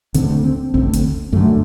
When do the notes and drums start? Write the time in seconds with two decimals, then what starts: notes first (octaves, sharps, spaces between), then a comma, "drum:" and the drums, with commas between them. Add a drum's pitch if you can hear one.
0.14 D2 D3 C4, drum: hi-hat
0.43 C4
0.74 D2 D3 C4, drum: kick
0.93 drum: hi-hat
1.32 F#2 D3 A3